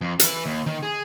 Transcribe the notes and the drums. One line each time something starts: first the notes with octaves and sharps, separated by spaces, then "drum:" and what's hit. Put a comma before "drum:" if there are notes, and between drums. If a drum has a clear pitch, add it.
F2
B4 E5, drum: hi-hat
D#2
D#3
G#4